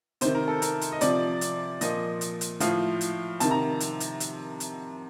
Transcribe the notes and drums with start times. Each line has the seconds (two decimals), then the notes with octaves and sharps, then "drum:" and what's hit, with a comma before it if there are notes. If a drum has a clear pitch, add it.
0.21 C3 D#3 C5, drum: hi-hat
0.35 A#4
0.48 A4
0.62 A#4, drum: hi-hat
0.81 drum: hi-hat
0.92 D#5
1.01 C3 F3 D5, drum: hi-hat
1.41 drum: hi-hat
1.81 A#2 F3 D#5, drum: hi-hat
2.21 drum: hi-hat
2.41 drum: hi-hat
2.60 A2 F3 F5, drum: hi-hat
3.01 drum: hi-hat
3.40 C3 D#3 A5, drum: hi-hat
3.51 A#5
3.80 drum: hi-hat
4.00 drum: hi-hat
4.20 drum: hi-hat
4.60 drum: hi-hat